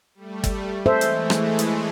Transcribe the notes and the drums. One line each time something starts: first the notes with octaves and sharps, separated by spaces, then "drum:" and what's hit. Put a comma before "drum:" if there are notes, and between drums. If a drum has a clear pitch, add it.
G3 A3
drum: kick G1, hi-hat
E3 G#3 A3 A4 C5 E5
drum: hi-hat
drum: rim click
drum: hi-hat